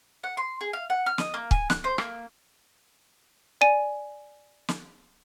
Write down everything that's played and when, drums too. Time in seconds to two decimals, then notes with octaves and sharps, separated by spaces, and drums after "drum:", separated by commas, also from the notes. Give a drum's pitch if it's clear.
0.23 F#5
0.37 C6
0.61 G#4
0.73 F5
0.90 F#5
1.06 F6
1.18 D#5, drum: snare
1.34 A#3
1.51 G#5, drum: kick
1.70 F#6, drum: snare
1.84 C5
1.98 A#3, drum: rim click
3.61 D5 G#5 D#7
4.69 drum: snare